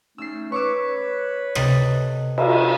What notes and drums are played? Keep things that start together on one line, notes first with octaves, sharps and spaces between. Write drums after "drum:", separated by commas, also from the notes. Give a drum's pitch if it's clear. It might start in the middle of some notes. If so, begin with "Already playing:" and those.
A3 C#4 D#4 E6 C7
B4 C#5 C#6 D6 E6
C3 A4 D#5, drum: rim click
drum: cymbal